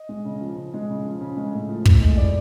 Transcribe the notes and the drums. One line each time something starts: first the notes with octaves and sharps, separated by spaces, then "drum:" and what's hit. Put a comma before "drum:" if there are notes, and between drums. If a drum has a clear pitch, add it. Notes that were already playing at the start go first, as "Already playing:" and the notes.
Already playing: D#5
G#3
C#3
F3
C#3
G#3
C#3
F3
C#3
G#3
A2
F3
A2, drum: kick
G#3
A2 D5